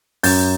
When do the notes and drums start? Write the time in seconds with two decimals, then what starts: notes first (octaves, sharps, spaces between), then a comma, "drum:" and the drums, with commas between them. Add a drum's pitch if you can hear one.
0.23 F#2 G6 A6, drum: open hi-hat